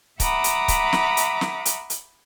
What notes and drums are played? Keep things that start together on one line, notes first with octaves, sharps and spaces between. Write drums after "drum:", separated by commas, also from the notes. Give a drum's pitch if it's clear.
E5 F#5 A#5 B5 D6 D#6, drum: kick C#1, hi-hat
drum: hi-hat
drum: kick C#1, hi-hat
drum: snare
drum: hi-hat
drum: snare
drum: hi-hat
drum: hi-hat